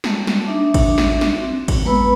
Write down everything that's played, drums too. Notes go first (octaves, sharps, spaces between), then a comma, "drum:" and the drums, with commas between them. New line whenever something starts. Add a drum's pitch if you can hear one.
G3 G#3 A#3 A5, drum: snare
drum: snare
D4 D#4 E5 D6
drum: kick G#1, cymbal
drum: snare
drum: snare
C4 F#4
drum: kick G#1, cymbal
G#3 A#3 B3 B4 B5 E6